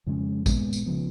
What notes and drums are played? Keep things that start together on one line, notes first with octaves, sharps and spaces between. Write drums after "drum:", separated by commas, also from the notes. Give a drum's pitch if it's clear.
F2 C#3 G#3 C#4
A#2 G#3 B3, drum: kick A1, tambourine
drum: tambourine
C#3 F3 B3